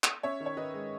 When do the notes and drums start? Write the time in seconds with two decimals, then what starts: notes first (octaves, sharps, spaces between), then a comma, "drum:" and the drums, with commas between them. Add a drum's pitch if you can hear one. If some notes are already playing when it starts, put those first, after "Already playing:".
0.04 drum: clap
0.23 C#4 C#5 E5
0.40 D#3
0.46 C#5
0.57 D#3 B4 D#5
0.74 G#3